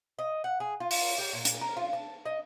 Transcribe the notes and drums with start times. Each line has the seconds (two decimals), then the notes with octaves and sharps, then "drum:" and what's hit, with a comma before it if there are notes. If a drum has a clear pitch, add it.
0.19 D#5
0.44 F#5
0.60 G#4
0.80 F4
0.91 drum: open hi-hat
1.18 G4
1.33 A#2
1.45 drum: hi-hat
1.61 A#4
1.77 F4
1.93 A5
2.26 D#5